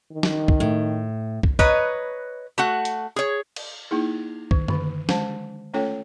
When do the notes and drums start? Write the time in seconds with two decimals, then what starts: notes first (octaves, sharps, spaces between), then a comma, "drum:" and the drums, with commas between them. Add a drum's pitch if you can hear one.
0.12 D#3
0.23 drum: snare
0.48 drum: kick
0.60 A2
1.43 drum: kick
1.59 B4 C#5 D#5 A#5, drum: kick
2.58 A3 F#4 F#5
2.85 drum: hi-hat
3.16 G#4 C#5
3.56 drum: cymbal
3.91 A#3 D#4 E4 G#4
4.51 D#3, drum: kick
4.68 D3 D#3, drum: tom F#2
5.09 G#3 C5 A5, drum: snare
5.74 A3 C#4 F4 A4 C#5 G5